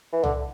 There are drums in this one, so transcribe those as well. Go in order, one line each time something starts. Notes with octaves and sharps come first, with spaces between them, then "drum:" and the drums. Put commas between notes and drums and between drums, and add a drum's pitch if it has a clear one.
E3
D3, drum: tom